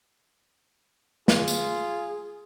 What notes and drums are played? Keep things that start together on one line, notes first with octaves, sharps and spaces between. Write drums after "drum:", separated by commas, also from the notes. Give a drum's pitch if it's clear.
F4 G#4, drum: snare
drum: tambourine